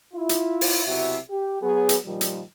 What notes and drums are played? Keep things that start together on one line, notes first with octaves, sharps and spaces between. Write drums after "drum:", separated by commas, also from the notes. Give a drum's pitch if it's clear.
E4 F4
drum: hi-hat
drum: open hi-hat
B1 C3 E4 F#4 E5
G4
F#3 B3 G#4
drum: hi-hat
A#2 D#3 F3 G3
drum: hi-hat